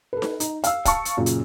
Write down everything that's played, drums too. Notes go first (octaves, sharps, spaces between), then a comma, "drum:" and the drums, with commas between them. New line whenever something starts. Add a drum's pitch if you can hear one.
A4 B4
drum: snare D#4
D#4, drum: hi-hat
F5 E6, drum: hi-hat
F5 A5 C#6, drum: kick, hi-hat
drum: hi-hat
F#2 A#2 C#3
drum: hi-hat